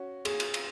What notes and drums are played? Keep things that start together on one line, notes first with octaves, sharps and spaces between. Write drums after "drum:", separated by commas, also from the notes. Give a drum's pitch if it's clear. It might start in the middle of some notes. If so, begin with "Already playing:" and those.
Already playing: C#4 F#4
G#4, drum: cymbal
drum: cymbal
drum: cymbal